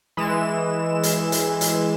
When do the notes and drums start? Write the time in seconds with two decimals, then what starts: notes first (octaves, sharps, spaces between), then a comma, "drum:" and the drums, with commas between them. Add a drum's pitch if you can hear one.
0.17 E3 G#3 E7
1.03 drum: hi-hat
1.32 drum: hi-hat
1.61 drum: hi-hat